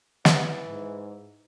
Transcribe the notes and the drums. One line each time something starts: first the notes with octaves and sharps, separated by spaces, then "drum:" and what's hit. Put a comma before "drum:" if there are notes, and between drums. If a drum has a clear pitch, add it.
E3, drum: snare
G#2